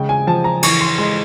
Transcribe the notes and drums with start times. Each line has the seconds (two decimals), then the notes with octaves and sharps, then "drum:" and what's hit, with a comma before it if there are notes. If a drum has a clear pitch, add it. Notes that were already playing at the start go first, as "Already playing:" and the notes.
Already playing: C#3 G#3 G5
0.09 G#5
0.27 F3 A5
0.44 A#5
0.63 E3 C#6, drum: cymbal
0.81 C6
0.98 G#3 C6